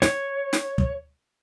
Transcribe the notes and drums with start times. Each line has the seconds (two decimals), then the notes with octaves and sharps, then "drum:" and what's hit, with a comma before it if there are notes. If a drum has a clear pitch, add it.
0.02 C#5, drum: snare
0.53 drum: snare
0.78 drum: kick